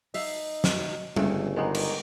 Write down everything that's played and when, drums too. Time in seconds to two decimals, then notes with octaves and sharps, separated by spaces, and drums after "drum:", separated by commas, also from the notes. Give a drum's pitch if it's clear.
0.14 D#4 E5 F5, drum: open hi-hat
0.64 drum: snare
1.16 G1 C#3 A3, drum: tom
1.56 D#3 G#3 A#3 B3
1.75 drum: cymbal